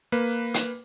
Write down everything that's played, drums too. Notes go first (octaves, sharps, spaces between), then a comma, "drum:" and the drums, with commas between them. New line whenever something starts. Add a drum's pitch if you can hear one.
A#3 B4
drum: hi-hat